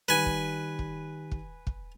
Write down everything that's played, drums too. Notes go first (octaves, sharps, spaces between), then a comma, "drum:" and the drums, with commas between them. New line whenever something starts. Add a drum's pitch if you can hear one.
D#3 G3 B4 G#5
drum: kick
drum: kick
drum: kick
drum: kick